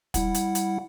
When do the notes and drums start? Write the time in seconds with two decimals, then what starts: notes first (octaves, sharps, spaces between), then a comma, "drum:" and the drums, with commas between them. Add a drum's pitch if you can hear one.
0.14 G3 E4 F#5, drum: kick, hi-hat
0.34 drum: hi-hat
0.55 drum: hi-hat